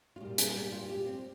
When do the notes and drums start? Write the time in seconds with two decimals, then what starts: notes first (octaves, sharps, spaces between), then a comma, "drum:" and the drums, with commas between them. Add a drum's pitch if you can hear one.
0.16 F4
0.20 A#2 G3 G4
0.38 G#4, drum: hi-hat
0.55 G4
0.72 F4
0.89 G4
1.06 C4